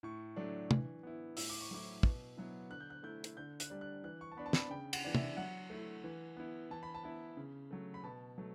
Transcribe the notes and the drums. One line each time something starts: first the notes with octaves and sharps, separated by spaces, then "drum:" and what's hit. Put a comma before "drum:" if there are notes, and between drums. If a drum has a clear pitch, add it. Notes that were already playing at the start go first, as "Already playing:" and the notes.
A2 C#6
F#3 A3 D4
E3, drum: tom
B3 E4
A2 E6, drum: open hi-hat
D6
C#6
F#3 A3 E4 D6
B2, drum: kick
F#3 B3 E4
D3 F#6
G6
F#6
A3 E4 G6
drum: hi-hat
D3 G6
F#6, drum: hi-hat
G3 D4
F#6
E3 F#6
C#6
A5
B3 D4 B5
A5
B5, drum: snare
C#3 G5
F#5, drum: cymbal
E3 B3 D4
E5, drum: tom
F#3 F#5
A3 E4
E3
B3 E4
E3 A5
B5
A5
B3 E4
C#3
F#3 A3
B5
B2 A5
F#3 A3